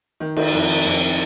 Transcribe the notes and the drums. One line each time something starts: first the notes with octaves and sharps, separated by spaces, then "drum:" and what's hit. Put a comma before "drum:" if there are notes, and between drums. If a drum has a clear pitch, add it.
D#3
D#3, drum: cymbal
F2
D#3
F2, drum: cymbal